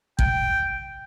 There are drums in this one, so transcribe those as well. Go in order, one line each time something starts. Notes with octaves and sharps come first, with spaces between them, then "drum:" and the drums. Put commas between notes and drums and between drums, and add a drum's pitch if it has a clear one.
G5, drum: kick